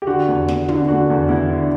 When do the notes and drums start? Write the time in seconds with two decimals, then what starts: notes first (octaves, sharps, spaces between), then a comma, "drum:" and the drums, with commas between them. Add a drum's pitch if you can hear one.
0.02 G4
0.07 D3 F#4
0.28 E2
0.48 E2, drum: snare
0.68 D3, drum: tom
0.88 D3 F#4
1.10 E2
1.29 E2 E4
1.50 D3